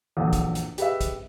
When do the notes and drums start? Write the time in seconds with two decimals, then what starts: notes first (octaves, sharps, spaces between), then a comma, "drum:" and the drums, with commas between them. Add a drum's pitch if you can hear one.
0.17 A#1 E2 F#3 A4 F#5 D#6
0.33 drum: kick, hi-hat
0.55 drum: hi-hat
0.78 G4 G#4 B4 D#5 E5, drum: hi-hat
1.01 drum: kick, hi-hat